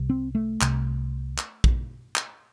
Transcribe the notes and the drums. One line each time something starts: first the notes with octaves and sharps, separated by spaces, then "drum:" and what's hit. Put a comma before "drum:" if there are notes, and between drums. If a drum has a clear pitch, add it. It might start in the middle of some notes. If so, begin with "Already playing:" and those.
Already playing: C2 C3
C4
A3
C2 C3, drum: clap
drum: clap
drum: kick
drum: clap